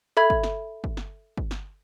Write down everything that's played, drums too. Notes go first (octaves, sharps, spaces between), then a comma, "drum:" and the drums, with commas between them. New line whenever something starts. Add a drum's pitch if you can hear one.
A4 E5 B5 G#6
drum: kick
drum: snare
drum: kick
drum: snare
drum: kick
drum: snare